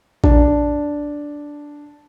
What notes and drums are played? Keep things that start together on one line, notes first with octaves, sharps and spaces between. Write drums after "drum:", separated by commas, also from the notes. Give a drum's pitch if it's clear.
D4, drum: kick A#1